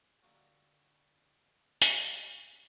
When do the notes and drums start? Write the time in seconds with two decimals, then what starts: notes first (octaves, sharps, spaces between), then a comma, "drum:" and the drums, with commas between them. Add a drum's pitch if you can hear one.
0.22 D3 G3 G#3 A#3 D4 F#4
1.82 drum: hi-hat